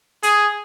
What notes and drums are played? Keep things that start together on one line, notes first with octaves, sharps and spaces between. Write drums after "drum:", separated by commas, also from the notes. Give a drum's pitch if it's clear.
G#4, drum: hi-hat